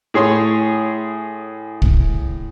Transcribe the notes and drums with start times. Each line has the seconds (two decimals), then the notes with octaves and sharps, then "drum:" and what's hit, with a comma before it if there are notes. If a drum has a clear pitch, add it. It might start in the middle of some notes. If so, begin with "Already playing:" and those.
0.14 A2 G#4 C#5 C6
1.82 drum: kick